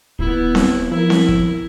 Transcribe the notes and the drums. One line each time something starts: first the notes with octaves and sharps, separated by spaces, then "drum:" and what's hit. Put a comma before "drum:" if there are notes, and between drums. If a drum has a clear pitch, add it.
D#1 B3 E4
drum: snare C4
F3 E4 A#4
drum: snare C4
drum: kick